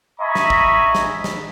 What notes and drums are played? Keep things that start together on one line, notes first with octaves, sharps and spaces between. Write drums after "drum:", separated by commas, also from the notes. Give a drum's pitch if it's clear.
D#5 E5 G#5 A#5 B5 C#6
drum: snare
drum: kick
drum: snare
drum: snare